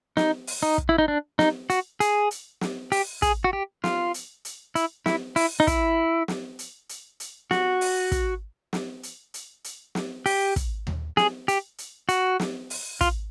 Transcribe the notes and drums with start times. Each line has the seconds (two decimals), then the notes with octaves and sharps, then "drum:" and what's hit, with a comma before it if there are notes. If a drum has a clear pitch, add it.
0.17 D#4, drum: snare
0.47 drum: open hi-hat
0.63 D#4
0.78 drum: kick
0.89 E4
0.98 D#4
1.08 D4
1.39 D#4, drum: snare
1.70 F#4, drum: hi-hat
2.00 G#4, drum: hi-hat
2.31 drum: hi-hat
2.61 drum: snare
2.92 G4, drum: open hi-hat
3.22 G#4, drum: kick, hi-hat
3.44 F#4
3.53 G4
3.84 F4, drum: snare
4.14 drum: hi-hat
4.45 drum: hi-hat
4.75 E4, drum: hi-hat
5.06 E4, drum: snare
5.36 E4, drum: open hi-hat
5.60 D#4
5.67 E4, drum: kick, hi-hat
6.28 drum: snare
6.59 drum: hi-hat
6.89 drum: hi-hat
7.20 drum: hi-hat
7.51 F#4, drum: snare
7.81 drum: open hi-hat
8.12 drum: kick, hi-hat
8.73 drum: snare
9.03 drum: hi-hat
9.34 drum: hi-hat
9.64 drum: hi-hat
9.95 drum: snare
10.26 G4, drum: open hi-hat
10.56 drum: kick, hi-hat
10.87 drum: tom D#2
11.17 G#4, drum: snare
11.48 G4, drum: hi-hat
11.78 drum: hi-hat
12.09 F#4, drum: hi-hat
12.40 drum: snare
12.70 drum: open hi-hat
13.01 F4, drum: kick, hi-hat